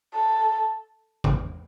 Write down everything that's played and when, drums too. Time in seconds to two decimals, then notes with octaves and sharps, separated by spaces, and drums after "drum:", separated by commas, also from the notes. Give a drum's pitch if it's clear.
0.14 A4
1.24 drum: kick G#1